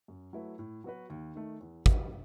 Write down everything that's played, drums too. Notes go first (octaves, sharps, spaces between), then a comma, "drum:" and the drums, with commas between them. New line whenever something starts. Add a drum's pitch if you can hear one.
F#2
F#3 A3 E4 B4
A2
F#3 B3 F#4 B4
D#2
D#3 A3
E2
B2 G3 B3 F#4, drum: kick